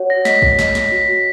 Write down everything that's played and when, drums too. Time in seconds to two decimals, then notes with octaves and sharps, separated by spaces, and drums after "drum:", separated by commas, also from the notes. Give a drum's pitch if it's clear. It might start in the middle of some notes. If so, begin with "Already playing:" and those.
Already playing: F#4 C#5 F#5
0.10 A#6
0.25 D#5 B6, drum: snare
0.42 drum: kick
0.59 D#5, drum: snare
0.75 drum: snare
0.92 F#4